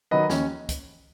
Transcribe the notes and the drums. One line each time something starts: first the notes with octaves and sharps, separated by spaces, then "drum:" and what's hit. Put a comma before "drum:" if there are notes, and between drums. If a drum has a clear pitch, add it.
D#3 F#3 B3 B4 D#5
D#2 C#4, drum: snare
drum: kick, hi-hat